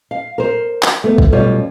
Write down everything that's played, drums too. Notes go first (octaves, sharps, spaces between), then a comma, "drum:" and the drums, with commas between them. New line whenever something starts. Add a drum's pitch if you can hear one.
F5
A#4 C5
drum: clap
A3 B3
drum: kick
F#2 B2 G3 F4 C#5